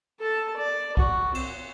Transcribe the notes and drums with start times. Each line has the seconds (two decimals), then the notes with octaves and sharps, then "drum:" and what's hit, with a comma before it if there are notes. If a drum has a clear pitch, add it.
0.20 A4 A5
0.56 D5
0.97 F#4, drum: kick
1.34 C4, drum: cymbal